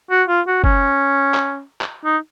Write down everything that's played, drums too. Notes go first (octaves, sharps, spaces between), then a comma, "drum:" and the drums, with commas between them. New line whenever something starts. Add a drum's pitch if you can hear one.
F#4
F4
F#4
C#4, drum: kick F#1
drum: clap
drum: clap
D#4